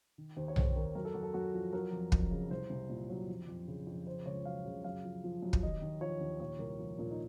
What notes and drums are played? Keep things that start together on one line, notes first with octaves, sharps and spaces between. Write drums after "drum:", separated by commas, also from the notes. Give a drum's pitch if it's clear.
D#3
D#2 C5
C#5
D#3 C5, drum: tom B1
D#2 A#4
F#2 A#4
A4
F#2 F#4
A4
F#2 F#4
F3
F#3 A#4
F2
F2, drum: kick
C#3
C2 C5
C2
A#2
F#3
F2
F2
C#3
F2
C#3 C5
C#2 C#5
F#3 F5
C#3
F#2 F5
F3
F3
F#2
drum: kick
D#2 D#5
D#2
F3 C#5
D#2
A#2 C#5
C2 A#4
F3
A#2 A#4
D#4